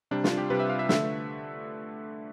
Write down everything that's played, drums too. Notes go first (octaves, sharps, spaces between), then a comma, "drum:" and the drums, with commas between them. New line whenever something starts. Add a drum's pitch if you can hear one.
C3 G3 D4
F4, drum: snare
G4
C3 G3 B4
E5
F5
E5
D3 A3 E5, drum: snare